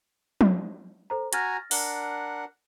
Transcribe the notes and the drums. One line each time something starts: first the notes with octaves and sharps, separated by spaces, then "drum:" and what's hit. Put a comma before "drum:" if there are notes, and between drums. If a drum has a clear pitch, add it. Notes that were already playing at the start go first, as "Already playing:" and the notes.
drum: tom
A4 C5 A#5
F#4 G#5 A#5 F6 A6 A#6, drum: hi-hat
D4 A#4 F#5, drum: open hi-hat